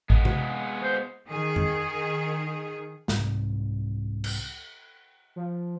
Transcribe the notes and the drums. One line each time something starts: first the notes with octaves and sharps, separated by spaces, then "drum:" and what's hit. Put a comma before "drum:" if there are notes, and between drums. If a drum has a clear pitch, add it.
G#3 B3, drum: kick A1
drum: tom C3
C5
D#3 G#4
drum: tom F2
C2 G#2, drum: snare
drum: cymbal
F3